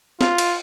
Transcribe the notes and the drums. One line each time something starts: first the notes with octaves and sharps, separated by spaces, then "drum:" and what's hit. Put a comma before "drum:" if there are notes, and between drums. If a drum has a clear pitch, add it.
F4, drum: snare
drum: cymbal